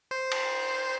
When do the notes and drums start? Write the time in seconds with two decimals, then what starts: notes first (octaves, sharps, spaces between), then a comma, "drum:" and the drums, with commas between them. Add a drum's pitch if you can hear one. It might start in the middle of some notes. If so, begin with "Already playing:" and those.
0.11 C5
0.32 drum: cymbal